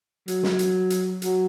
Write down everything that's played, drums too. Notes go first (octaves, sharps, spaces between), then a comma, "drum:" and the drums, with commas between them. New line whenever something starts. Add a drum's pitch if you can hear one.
F#3, drum: hi-hat
drum: snare
drum: hi-hat
drum: hi-hat
F#3, drum: hi-hat